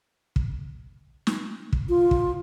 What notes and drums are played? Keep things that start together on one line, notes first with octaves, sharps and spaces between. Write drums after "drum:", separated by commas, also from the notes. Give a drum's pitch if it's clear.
drum: kick
drum: snare
drum: kick
F4
drum: kick